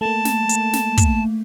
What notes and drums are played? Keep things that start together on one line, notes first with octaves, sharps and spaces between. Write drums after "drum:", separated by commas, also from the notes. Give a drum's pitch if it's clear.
A3 A#3 A5
drum: snare
drum: hi-hat
drum: snare
drum: kick, hi-hat